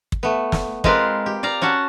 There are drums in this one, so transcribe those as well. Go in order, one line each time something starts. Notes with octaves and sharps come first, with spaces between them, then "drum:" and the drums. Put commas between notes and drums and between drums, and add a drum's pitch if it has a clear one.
drum: kick
A3 B3
drum: snare
G#3 C4 F4 A#4 B4, drum: kick
G4
D5 F5 A#5
C#4 F#4 F#5 A5